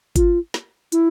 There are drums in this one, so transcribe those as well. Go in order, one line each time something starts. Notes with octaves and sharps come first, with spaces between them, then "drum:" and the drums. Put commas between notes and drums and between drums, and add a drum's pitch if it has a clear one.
F4, drum: kick G#1, hi-hat
drum: snare
E4, drum: hi-hat